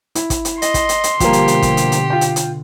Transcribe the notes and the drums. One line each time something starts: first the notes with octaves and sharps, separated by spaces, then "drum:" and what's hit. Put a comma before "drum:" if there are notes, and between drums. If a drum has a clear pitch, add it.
E4, drum: hi-hat
drum: kick, hi-hat
drum: hi-hat
D#5 C6, drum: hi-hat
drum: kick, hi-hat
drum: hi-hat
drum: hi-hat
B2 D3 F3 G3 A#3 G4, drum: kick, hi-hat
drum: hi-hat
drum: hi-hat
drum: kick, hi-hat
drum: hi-hat
drum: hi-hat
F4 G5
drum: hi-hat
drum: hi-hat